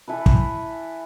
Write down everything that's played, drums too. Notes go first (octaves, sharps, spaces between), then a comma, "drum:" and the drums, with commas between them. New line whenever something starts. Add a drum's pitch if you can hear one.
E3 E4 A4 B4
drum: kick